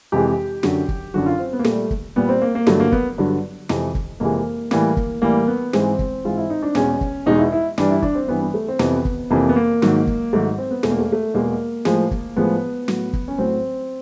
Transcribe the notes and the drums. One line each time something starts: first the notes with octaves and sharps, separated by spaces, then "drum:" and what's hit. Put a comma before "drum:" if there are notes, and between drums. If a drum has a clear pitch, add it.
F2 C3 E3 G#3 G4
F#2 D3 F#3, drum: snare
drum: kick
F#2 D3 F#3 F#4
F4
C4
B3
A#3
A#2 A3, drum: snare
G3
drum: kick
A#2 G3 B3
C4
A#3
A#3
G2 D3 F#3 A3, drum: snare
A#3
B3, drum: kick
G2 D3 F#3
F2 C3 E3 G#3, drum: snare
drum: kick
F2 C3 E3 G#3 A#3
A2 E3 G3 A#3, drum: snare
drum: kick
A2 E3 G3 A#3
B3
G#2 E3 G#3 C4, drum: snare
drum: kick
G#2 E3 G#3 F4
E4
D#4
D4
E2 B2 G#3 C#4, drum: snare
drum: kick
E2 B2 G#3 D#4
E4
E4
G2 E3 G3 D4, drum: snare
E4
D4, drum: kick
C4
G2 E3 G3 B3
B3
A3
C4
F2 C3 E3 B3, drum: snare
drum: kick
F2 C3 E3 A#3
B3
A#3
G#2 D#3 F#3, drum: snare
drum: kick
G#2 D#3 F#3 A3
C4
B3
E2 B2 G#3 A3, drum: snare
A#3
A3
A#3
A3
E2 B2 G#3 A#3
A2 F3 G#3, drum: snare
drum: kick
A2 F3 G#3 B3
A2 F#3, drum: snare
drum: kick
C#4
A2 F#3 C4